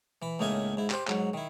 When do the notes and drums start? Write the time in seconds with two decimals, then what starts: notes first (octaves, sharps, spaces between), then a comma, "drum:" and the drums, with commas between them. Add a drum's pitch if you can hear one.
0.22 E3 B5
0.39 C#2 A2 A#3 D#4 E5 G#5
0.77 G#2 E4
0.90 G4 C5, drum: clap
1.07 G#2 F#3, drum: clap
1.33 D#3 E4